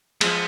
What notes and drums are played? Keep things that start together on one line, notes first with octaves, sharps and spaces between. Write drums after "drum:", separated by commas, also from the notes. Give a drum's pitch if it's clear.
F3 G#3 B3, drum: cymbal